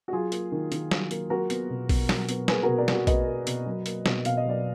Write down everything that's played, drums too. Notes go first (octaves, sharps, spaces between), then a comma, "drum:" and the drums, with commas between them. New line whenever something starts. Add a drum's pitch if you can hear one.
F#4
F#3 F4 G#4
A#3, drum: hi-hat
D#3
D#3, drum: hi-hat
F#3, drum: snare
A#3, drum: hi-hat
F#3 F#4 A#4
B3, drum: hi-hat
B2
B2, drum: kick A#1, open hi-hat
F#3, drum: snare
B3, drum: hi-hat
A#3 G#4 B4, drum: snare
F#4 A#4
B2
A#4 D5
B2 F#4, drum: snare
A#3 B4 D#5, drum: kick A#1, hi-hat
A#3
B2, drum: hi-hat
F#3
A#3, drum: hi-hat
B2, drum: snare
B2 F5, drum: hi-hat
D#5
F#3 D5